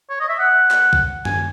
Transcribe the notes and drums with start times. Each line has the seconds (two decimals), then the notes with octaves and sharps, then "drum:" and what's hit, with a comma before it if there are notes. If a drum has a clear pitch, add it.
0.10 C#5
0.20 D#5
0.29 E5
0.39 F#5
0.71 drum: clap
0.93 drum: kick
1.25 G#5, drum: tom F#2